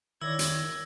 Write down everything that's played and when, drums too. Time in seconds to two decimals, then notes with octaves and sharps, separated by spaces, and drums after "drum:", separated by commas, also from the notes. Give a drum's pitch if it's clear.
0.22 D#3 E4 C#5 D5 E6 G#6 A#6
0.39 drum: hi-hat